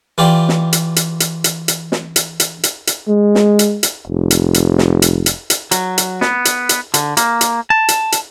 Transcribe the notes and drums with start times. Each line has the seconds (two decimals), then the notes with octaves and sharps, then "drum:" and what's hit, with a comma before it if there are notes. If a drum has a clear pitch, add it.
0.18 E3 F4 G4 D5
0.49 drum: snare
0.73 drum: hi-hat
0.96 drum: hi-hat
1.20 drum: hi-hat
1.44 drum: hi-hat
1.68 drum: hi-hat
1.92 drum: snare
2.16 drum: hi-hat
2.40 drum: hi-hat
2.63 drum: hi-hat
2.87 drum: hi-hat
3.08 G#3
3.35 drum: snare
3.59 drum: hi-hat
3.83 drum: hi-hat
4.07 F1
4.31 drum: hi-hat
4.54 drum: hi-hat
4.78 drum: snare
5.02 drum: hi-hat
5.26 drum: hi-hat
5.50 drum: hi-hat
5.71 F#3, drum: hi-hat
5.98 drum: hi-hat
6.21 B3, drum: snare
6.45 drum: hi-hat
6.69 drum: hi-hat
6.94 D3, drum: hi-hat
7.17 A#3, drum: hi-hat
7.41 drum: hi-hat
7.70 A5
7.88 drum: hi-hat
8.12 drum: hi-hat